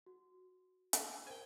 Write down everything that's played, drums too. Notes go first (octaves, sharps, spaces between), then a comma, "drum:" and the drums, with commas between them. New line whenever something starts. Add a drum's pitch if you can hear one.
F#4
drum: hi-hat
A#4 C5 G5 G#5 G#6